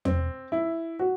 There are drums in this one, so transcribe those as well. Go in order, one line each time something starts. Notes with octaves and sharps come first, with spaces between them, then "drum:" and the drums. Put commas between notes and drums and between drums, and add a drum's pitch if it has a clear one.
C4, drum: tom E2
E4
F#4